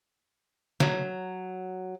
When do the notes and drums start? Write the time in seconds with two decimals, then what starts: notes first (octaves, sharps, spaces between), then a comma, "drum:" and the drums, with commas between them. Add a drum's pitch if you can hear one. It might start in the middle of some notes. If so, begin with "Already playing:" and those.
0.80 F#3, drum: snare